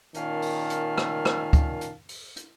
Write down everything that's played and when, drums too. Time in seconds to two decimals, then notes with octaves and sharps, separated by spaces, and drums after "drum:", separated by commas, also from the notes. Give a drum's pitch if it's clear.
0.14 A#2 D#3 C#4 F5 A5, drum: hi-hat
0.42 drum: open hi-hat
0.70 drum: hi-hat
0.98 drum: rim click
1.25 drum: rim click
1.53 drum: kick, hi-hat
1.81 drum: hi-hat
2.09 drum: open hi-hat
2.36 drum: hi-hat